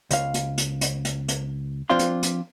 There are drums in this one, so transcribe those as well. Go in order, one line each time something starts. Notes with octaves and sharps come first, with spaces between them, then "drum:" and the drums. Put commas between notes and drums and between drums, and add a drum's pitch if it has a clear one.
C#2 F5, drum: hi-hat
drum: hi-hat
drum: hi-hat
drum: hi-hat
drum: hi-hat
drum: hi-hat
F3 C4 D4 F4 F5 C6
drum: hi-hat
drum: hi-hat